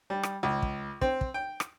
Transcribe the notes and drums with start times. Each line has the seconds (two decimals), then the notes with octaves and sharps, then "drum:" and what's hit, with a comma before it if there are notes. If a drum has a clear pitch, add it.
0.10 G3
0.23 drum: rim click
0.43 C#2
0.62 drum: kick
1.01 C4, drum: kick
1.21 drum: kick
1.34 G5
1.60 drum: rim click